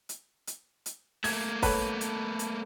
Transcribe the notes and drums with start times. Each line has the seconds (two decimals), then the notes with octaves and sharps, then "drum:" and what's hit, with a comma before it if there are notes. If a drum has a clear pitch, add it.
0.09 drum: hi-hat
0.47 drum: hi-hat
0.86 drum: hi-hat
1.24 A3 A#3 G#6, drum: open hi-hat
1.62 A4 B4 C#5, drum: kick, open hi-hat
2.01 drum: hi-hat
2.39 drum: hi-hat